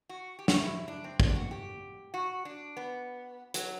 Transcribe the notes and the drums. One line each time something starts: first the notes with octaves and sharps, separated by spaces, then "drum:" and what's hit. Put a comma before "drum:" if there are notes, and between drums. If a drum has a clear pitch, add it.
F#4
G4
F#4, drum: snare
E4
D4
C4
D4, drum: kick
G4
F#4
G4
F#4
D4
B3
F#3, drum: hi-hat